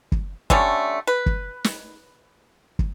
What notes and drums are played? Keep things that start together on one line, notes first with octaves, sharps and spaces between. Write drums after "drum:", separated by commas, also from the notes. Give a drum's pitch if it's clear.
drum: kick
D3 G3 A3 C#4, drum: kick
B4
drum: kick
drum: snare
drum: kick